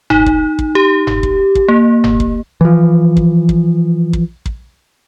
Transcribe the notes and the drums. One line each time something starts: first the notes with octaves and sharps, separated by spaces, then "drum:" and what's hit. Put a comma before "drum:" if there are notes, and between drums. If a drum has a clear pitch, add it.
D#4, drum: tom F#1
drum: kick
drum: kick
G4
drum: tom F#1
drum: kick
drum: kick
A#3
drum: tom F#1
drum: kick
E3 F3
drum: kick
drum: kick
drum: kick
drum: kick